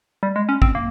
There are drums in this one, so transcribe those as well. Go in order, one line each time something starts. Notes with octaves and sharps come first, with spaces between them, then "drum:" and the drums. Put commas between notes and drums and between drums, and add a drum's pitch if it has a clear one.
G3
G#3
C#4
C4, drum: kick
A#3